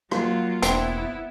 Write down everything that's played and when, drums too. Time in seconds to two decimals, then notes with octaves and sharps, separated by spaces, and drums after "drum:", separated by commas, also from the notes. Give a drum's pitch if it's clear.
0.11 F#3 A#3 F4, drum: rim click
0.62 E1 B3 C4 D4 E4, drum: hi-hat